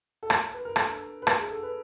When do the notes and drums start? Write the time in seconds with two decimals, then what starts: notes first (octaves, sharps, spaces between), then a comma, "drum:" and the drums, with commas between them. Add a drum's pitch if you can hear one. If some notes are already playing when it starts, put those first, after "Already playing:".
0.23 A4
0.30 A#4, drum: rim click
0.54 B4
0.65 A#4
0.76 A4, drum: rim click
0.88 A#4
1.22 B4
1.27 A#4, drum: rim click
1.38 G#4
1.51 A4
1.63 B4